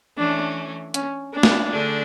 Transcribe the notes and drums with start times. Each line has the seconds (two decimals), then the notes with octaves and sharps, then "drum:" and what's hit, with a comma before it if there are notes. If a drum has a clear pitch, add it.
0.18 E3 A3 C#4 D4
0.94 C#4, drum: hi-hat
1.33 D4
1.43 drum: snare
1.72 D3 A3 D4 G#4